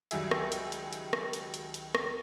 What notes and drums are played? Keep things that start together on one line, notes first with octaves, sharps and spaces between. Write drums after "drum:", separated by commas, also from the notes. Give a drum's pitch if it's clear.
C#2 D#3 F#3 G3 G#4 E5, drum: hi-hat
drum: rim click
drum: hi-hat
drum: hi-hat
drum: hi-hat
drum: rim click
drum: hi-hat
drum: hi-hat
drum: hi-hat
drum: rim click